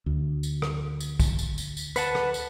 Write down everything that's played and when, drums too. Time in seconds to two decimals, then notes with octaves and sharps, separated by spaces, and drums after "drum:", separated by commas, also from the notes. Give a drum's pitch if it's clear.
0.06 D2
0.43 drum: tambourine
0.62 drum: rim click
1.00 drum: tambourine
1.20 drum: kick, tambourine
1.39 drum: tambourine
1.58 drum: tambourine
1.77 drum: tambourine
1.96 B4 F#5 A5, drum: tambourine
2.15 drum: rim click
2.34 drum: tambourine